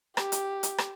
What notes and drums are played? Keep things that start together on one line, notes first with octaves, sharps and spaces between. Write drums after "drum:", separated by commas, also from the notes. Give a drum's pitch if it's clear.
G4, drum: rim click
drum: hi-hat
drum: hi-hat
drum: rim click